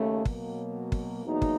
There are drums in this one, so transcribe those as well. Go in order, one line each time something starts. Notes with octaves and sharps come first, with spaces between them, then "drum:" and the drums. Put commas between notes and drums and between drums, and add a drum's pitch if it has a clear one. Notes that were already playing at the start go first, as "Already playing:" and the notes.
Already playing: D#2 C#3 A3
B2 F#3 A#3, drum: kick
drum: kick
E2 B2 F#3 A#3 D#4
drum: kick